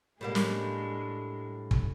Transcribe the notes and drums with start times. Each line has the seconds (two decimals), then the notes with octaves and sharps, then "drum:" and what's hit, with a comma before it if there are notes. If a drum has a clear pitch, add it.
0.21 A2 G3 G#3 A#3 D4
0.35 drum: snare
1.71 drum: kick